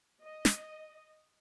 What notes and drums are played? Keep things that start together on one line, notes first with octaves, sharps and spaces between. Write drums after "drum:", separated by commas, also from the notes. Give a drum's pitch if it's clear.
D#5
drum: snare